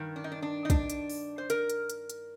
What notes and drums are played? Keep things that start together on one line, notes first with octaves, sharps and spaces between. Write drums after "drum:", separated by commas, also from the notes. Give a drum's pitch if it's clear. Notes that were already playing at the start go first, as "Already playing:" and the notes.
Already playing: G2 D#3
D4
D#4
D4
D4
D#4
D4, drum: kick, hi-hat
drum: hi-hat
drum: open hi-hat
C5
A#4, drum: hi-hat
drum: hi-hat
drum: hi-hat
drum: hi-hat